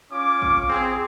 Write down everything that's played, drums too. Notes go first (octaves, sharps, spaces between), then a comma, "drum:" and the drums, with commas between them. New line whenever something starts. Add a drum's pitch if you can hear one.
C#4 F4 D6
drum: kick
C4 G#4